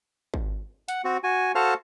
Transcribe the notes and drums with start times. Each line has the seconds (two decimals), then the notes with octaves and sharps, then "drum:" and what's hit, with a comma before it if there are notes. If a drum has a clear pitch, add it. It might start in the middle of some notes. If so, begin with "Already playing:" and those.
0.34 drum: kick G#1
0.88 F#5, drum: hi-hat
1.04 C4 F#4
1.24 F#4 G#5
1.55 F#4 A4 C5 F5 A5 F6